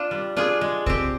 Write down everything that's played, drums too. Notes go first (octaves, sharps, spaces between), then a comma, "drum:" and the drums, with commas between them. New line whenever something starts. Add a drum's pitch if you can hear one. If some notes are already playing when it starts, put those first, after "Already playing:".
Already playing: D4 F4
G3
D4 F4 G#4
G#3
C4 G4, drum: kick C2